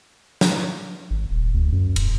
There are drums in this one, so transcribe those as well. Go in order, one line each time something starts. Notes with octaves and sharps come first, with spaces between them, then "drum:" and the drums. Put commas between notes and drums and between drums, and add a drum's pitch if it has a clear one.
drum: snare
G#1
D#1
D2
F#2
D#1, drum: cymbal